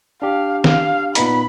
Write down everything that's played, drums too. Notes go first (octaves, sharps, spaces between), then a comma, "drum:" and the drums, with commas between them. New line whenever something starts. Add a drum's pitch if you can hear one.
D4 G4 F5
F5, drum: snare
A#2 B3 D#4 B5, drum: hi-hat